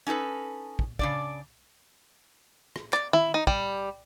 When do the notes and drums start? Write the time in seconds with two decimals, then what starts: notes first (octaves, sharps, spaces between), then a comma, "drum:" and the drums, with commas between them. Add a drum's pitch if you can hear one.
0.07 C#4 D#4 G4 A4 B4
0.79 drum: kick
0.99 C#3 D4 D5, drum: kick
2.76 drum: rim click
2.93 D5, drum: clap
3.13 E4, drum: tom D#3
3.34 D#4
3.47 G3, drum: kick